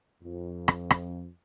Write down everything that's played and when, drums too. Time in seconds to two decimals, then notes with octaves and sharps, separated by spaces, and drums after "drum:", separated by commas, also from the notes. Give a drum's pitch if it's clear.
0.23 F2
0.68 drum: rim click
0.90 drum: rim click